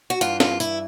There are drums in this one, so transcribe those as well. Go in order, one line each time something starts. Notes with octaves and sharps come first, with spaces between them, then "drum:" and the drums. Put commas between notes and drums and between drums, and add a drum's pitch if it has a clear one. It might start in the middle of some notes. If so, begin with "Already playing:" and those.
F#4
G2 E3 F4, drum: tambourine
F4, drum: snare
E4, drum: tambourine